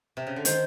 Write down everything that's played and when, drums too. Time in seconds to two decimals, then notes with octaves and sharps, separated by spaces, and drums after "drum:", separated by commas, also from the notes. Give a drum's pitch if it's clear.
0.17 C3
0.27 C#3
0.36 D3
0.45 D#3 C5, drum: hi-hat